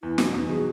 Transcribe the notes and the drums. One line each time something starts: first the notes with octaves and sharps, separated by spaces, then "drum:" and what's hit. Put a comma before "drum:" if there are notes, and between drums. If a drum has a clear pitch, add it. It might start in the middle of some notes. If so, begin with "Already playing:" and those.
E2 E4
B2 F#3 D#4, drum: snare
E2 D#4
B2 F#3 G#4